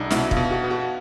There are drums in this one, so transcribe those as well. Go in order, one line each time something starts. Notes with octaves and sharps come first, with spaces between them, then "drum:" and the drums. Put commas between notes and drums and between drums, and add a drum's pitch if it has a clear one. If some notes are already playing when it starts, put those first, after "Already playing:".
Already playing: C2 D4 D#4
B2 E4, drum: snare
F4, drum: kick
B2
F#4
B3
F#4